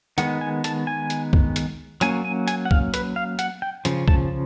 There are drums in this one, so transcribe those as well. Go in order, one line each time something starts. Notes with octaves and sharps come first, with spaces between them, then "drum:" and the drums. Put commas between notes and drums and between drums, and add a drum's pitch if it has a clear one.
D#3 G#3 B3 F#5, drum: hi-hat
G#5
A5, drum: hi-hat
G#5
drum: hi-hat
drum: kick
drum: hi-hat
F#3 A#3 C#4 G#5, drum: hi-hat
G#5
G#5, drum: hi-hat
F#5
F5, drum: kick
B4, drum: hi-hat
F5
F#5, drum: hi-hat
G5
C#3 F3, drum: hi-hat
A5, drum: kick